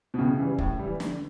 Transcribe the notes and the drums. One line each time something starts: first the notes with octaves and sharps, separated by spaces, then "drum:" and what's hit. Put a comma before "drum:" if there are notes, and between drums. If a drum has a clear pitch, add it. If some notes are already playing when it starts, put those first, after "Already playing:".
B2
A2 C#3
E3 G3
A2, drum: kick
E3 G3
D3, drum: snare